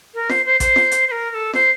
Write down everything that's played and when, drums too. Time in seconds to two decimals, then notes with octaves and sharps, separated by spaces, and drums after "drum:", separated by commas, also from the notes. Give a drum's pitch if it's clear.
0.14 A#4
0.30 C5, drum: snare
0.45 C5
0.60 C5, drum: kick A1, hi-hat
0.76 drum: snare
0.91 drum: hi-hat
1.07 C5
1.11 A#4
1.30 A#4
1.34 A4
1.54 C5, drum: snare